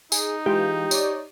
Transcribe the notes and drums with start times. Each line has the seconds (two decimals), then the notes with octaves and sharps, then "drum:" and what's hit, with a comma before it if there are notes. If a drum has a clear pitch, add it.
0.12 D#4 G#4, drum: tambourine
0.46 E3 G#3 F4 G4
0.91 C#5 D5, drum: tambourine